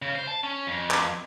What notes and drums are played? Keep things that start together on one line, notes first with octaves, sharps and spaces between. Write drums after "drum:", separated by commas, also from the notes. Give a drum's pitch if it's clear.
C#3
C5
A5
C#4
F2
drum: clap